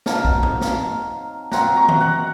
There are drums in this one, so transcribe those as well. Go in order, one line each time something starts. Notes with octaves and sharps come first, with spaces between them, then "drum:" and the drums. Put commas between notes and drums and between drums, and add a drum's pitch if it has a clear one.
F#3 C4 D#4 F5 A5, drum: snare
drum: kick
drum: tom G#2
drum: snare
F#3 C4 F4 F#5 A#5, drum: snare
A#5 C#6
drum: tom D#3
F#5 A#5